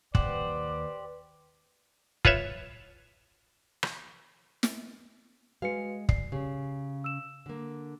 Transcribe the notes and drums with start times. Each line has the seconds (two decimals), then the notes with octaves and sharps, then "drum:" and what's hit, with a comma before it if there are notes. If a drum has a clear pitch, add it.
0.15 D#2 G4 B4 C5 D5 F#5, drum: kick
2.25 F4 B4 C#5 E5, drum: kick
3.83 drum: rim click
4.63 drum: snare
5.62 G#3 F#4 B4 F5 C#7
6.09 D5 C7, drum: kick
6.32 C#3 G4
7.04 E6 E7
7.46 D3 A#3